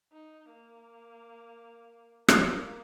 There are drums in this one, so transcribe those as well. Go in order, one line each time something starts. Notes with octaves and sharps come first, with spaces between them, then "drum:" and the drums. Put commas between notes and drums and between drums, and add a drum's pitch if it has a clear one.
D#4
A#3
A#3, drum: rim click